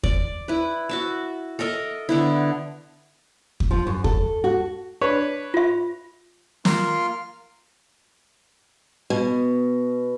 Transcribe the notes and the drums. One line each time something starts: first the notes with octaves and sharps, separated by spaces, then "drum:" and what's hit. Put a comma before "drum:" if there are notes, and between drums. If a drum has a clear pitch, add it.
D5, drum: kick
E4 B4
F#4 E5 A5
A4 A#4 D#5 E5
D3 B3 E4
drum: kick
F3
F#2
A4, drum: kick
F#4
D4 B4 C#5
F4 E5
A#3 F4 A#4 C6 F6, drum: snare
B2